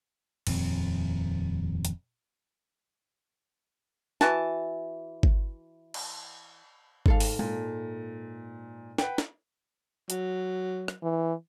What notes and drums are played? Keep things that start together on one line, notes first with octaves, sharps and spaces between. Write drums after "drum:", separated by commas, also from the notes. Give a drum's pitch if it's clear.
D#1 F2 C4, drum: cymbal
drum: hi-hat
E3 F#4 A5, drum: snare
drum: kick G1
drum: cymbal
G#2 A4 F5, drum: kick G1
drum: open hi-hat
A#2, drum: tom G#3
B4 F#5 G5, drum: snare
drum: snare
F#3, drum: hi-hat
drum: rim click
E3